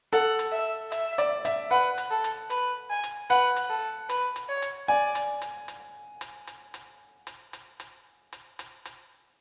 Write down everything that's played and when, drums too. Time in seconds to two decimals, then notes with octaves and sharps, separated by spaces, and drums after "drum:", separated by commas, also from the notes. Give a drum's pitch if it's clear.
0.13 A4 F#5, drum: hi-hat
0.39 drum: hi-hat
0.52 E5
0.92 E5, drum: hi-hat
1.18 D5, drum: hi-hat
1.45 E5, drum: hi-hat
1.71 B4 F#5
1.98 drum: hi-hat
2.11 A4
2.24 drum: hi-hat
2.50 B4, drum: hi-hat
2.91 G#5
3.04 drum: hi-hat
3.30 B4 F#5, drum: hi-hat
3.56 drum: hi-hat
3.70 A4
4.10 B4, drum: hi-hat
4.36 drum: hi-hat
4.49 C#5
4.62 drum: hi-hat
4.88 D5 G#5
5.15 drum: hi-hat
5.42 drum: hi-hat
5.68 drum: hi-hat
6.21 drum: hi-hat
6.47 drum: hi-hat
6.74 drum: hi-hat
7.27 drum: hi-hat
7.53 drum: hi-hat
7.80 drum: hi-hat
8.33 drum: hi-hat
8.59 drum: hi-hat
8.85 drum: hi-hat